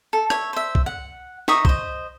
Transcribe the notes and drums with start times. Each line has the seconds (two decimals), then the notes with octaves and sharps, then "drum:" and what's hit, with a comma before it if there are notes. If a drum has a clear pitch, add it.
0.13 A4
0.30 C#5 E5, drum: rim click
0.53 C5 E5
0.75 drum: kick B1
0.86 F#5
1.48 D#4 E5 C#6 D#6, drum: snare
1.65 C5 D#5, drum: kick B1